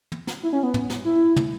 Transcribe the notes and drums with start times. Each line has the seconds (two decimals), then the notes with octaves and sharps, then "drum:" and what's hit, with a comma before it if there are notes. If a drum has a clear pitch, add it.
0.12 drum: tom
0.27 drum: snare
0.43 E4
0.53 C#4
0.63 B3
0.74 drum: tom
0.90 drum: snare
1.05 E4
1.36 drum: tom